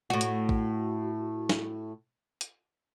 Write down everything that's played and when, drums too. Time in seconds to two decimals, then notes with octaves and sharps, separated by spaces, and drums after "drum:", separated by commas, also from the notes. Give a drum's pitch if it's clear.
0.10 A2 F#4
0.21 drum: hi-hat
0.49 drum: kick A1
1.49 drum: snare
2.41 drum: hi-hat